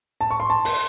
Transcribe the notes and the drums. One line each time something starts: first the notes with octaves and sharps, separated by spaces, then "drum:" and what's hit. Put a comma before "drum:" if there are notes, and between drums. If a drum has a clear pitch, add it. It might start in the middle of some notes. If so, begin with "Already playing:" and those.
A5
C#6
C6
A5
C6, drum: open hi-hat